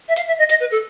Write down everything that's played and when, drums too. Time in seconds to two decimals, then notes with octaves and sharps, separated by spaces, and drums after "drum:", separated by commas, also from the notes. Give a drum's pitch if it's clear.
0.08 E5
0.16 F5, drum: hi-hat
0.27 E5
0.39 D#5
0.49 D#5, drum: hi-hat
0.60 B4
0.71 A4